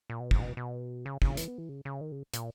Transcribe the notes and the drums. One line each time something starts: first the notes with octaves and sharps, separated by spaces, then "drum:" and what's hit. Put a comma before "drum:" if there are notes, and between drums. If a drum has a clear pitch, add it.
A#2
B2
G#2, drum: kick
B2
B2
C#3
C#3, drum: kick
E3, drum: hi-hat
B3
E3
C#3
C#3
D#3
C#3
A#2, drum: hi-hat